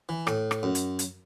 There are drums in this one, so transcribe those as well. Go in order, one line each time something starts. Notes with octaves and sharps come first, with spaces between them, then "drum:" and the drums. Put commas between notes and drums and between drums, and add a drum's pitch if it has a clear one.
E3
A2, drum: rim click
drum: rim click
F#2
drum: hi-hat
drum: hi-hat